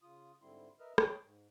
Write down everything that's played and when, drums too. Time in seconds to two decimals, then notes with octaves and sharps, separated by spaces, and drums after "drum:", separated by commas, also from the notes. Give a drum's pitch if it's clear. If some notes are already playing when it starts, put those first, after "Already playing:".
0.02 C#3 F4 D#6
0.42 G#2 D3 G3 C4 E4 C6
0.80 A#4 B4 D#5 E5 F6
0.98 G#4 C#5 G5, drum: rim click
1.24 G#2